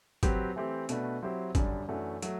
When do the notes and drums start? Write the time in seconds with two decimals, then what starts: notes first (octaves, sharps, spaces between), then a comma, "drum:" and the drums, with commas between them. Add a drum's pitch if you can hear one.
0.23 F#3 C4 G4 B4, drum: kick G#1, hi-hat
0.56 E3 A3 C4 E4 G4
0.89 B2 A3 D4 F#4 B4, drum: hi-hat
1.23 F#3 C4 E4 G4 C5
1.55 F#2 D3 G3 D4, drum: kick G#1, hi-hat
1.88 F#2 E3 A3 D4 F#4
2.22 F#3 A3, drum: hi-hat